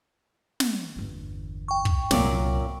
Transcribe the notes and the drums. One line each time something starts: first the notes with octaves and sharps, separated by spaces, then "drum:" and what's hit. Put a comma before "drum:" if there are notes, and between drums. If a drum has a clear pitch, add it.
drum: snare
G1 E2
G5 C#6
drum: kick
C2 F#2 A#2 F#3 D5, drum: snare